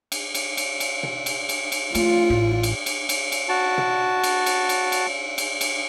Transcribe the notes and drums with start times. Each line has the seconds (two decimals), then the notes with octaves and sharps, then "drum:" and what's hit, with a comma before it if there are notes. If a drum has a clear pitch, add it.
0.12 drum: cymbal
0.35 drum: cymbal
0.57 drum: cymbal
0.80 drum: cymbal
1.03 drum: tom B2
1.26 drum: cymbal
1.49 drum: cymbal
1.72 drum: cymbal
1.95 A3 F4, drum: cymbal
2.30 A1
2.63 drum: cymbal
2.86 drum: cymbal
3.09 drum: cymbal
3.32 drum: cymbal
3.49 F#4 A5
3.78 drum: tom B2
4.23 drum: cymbal
4.46 drum: cymbal
4.69 drum: cymbal
4.92 drum: cymbal
5.38 drum: cymbal
5.61 drum: cymbal